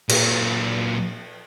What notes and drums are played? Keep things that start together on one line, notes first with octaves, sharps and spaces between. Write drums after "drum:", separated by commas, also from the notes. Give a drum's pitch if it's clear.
A#2 F#3, drum: cymbal